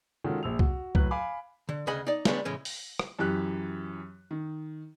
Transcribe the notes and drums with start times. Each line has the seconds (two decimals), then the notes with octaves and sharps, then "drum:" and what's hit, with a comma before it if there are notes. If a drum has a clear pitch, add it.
0.24 D#3 G#3 C#4 F4 F#4 A4
0.43 A#1 E6 F7
0.59 F#4, drum: kick
0.95 A2 F#3 B4 F#6, drum: kick
1.11 F5 G#5 B5 D6
1.69 D3
1.87 D2 C#3 G#4 D#5 F#5 B5
2.07 D#4 D5
2.25 D3 G3 G#3 B3 D4 C#5, drum: snare
2.45 A2 C#3 E3 G#3 C#4
2.65 drum: open hi-hat
2.99 drum: rim click
3.19 F#2 E3 G4 F#6
4.31 D#3